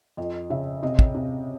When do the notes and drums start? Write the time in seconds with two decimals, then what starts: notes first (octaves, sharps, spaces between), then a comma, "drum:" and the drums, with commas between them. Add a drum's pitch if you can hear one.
0.17 F2 D#5
0.50 C#3 E5
0.83 C3 D#5
0.99 drum: kick
1.14 C3